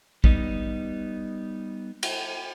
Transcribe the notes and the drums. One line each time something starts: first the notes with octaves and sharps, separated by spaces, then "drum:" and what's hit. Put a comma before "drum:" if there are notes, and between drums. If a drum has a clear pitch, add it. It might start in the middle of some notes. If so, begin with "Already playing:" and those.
G3 B3 D#4, drum: kick
drum: cymbal